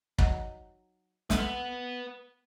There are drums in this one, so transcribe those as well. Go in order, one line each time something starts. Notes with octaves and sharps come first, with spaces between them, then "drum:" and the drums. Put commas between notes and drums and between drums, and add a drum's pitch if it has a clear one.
F#3 D#4, drum: kick
B3 A4 B4 E5 F#5, drum: snare